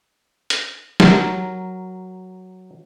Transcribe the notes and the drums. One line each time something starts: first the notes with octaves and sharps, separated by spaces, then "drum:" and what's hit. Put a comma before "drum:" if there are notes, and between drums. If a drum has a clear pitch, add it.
drum: hi-hat
F#3 A#4, drum: snare